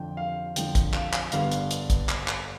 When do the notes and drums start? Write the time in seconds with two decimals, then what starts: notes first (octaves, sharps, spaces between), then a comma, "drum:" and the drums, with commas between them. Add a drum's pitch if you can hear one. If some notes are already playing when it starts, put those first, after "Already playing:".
Already playing: F2 D3 F3 G5
0.17 F5
0.56 F2 D3 F3 G5, drum: hi-hat
0.75 drum: kick, hi-hat
0.94 F5, drum: clap
1.13 drum: clap
1.32 G1 G2 D3 G3 B3 F5, drum: hi-hat
1.52 drum: hi-hat
1.71 drum: hi-hat
1.90 drum: kick, hi-hat
2.09 drum: clap
2.28 drum: clap